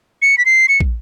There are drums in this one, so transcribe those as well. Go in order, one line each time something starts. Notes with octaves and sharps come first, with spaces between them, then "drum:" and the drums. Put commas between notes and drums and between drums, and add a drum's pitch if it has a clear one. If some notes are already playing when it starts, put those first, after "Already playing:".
C#7
B6
C7
C#7
drum: kick